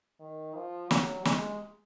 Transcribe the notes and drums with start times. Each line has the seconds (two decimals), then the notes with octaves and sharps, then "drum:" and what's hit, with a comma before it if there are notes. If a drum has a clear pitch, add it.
0.20 D#3
0.55 F3
0.91 F#3, drum: snare
1.25 G#3, drum: snare